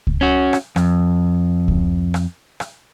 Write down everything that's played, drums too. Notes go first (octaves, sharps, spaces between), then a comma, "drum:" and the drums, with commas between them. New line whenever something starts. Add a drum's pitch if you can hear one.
drum: kick C#2
C#4 F#4
drum: rim click
F2, drum: rim click
drum: kick C#2
drum: rim click
drum: rim click